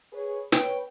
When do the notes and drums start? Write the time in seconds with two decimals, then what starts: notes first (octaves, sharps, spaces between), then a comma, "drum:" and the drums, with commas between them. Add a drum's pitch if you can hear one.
0.13 G#4 B4 C#5
0.52 B4 C#5 G5, drum: snare